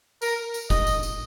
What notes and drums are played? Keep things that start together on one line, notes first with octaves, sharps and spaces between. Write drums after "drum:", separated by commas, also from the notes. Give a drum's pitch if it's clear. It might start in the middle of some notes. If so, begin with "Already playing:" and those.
A#4, drum: tambourine
drum: tambourine
D#5, drum: kick, tambourine
drum: tambourine
drum: tambourine